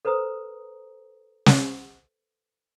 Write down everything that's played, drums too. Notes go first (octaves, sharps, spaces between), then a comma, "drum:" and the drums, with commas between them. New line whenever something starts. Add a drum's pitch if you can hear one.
A4 B4 C5 A#5 D#6
drum: snare